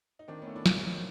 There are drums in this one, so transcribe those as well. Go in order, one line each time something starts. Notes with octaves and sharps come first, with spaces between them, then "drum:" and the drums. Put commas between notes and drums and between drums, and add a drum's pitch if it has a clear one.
D#4
D#3 C4 D4
A3 B3 C#4
D4 E4
F#3 D#4 F4, drum: snare
D#3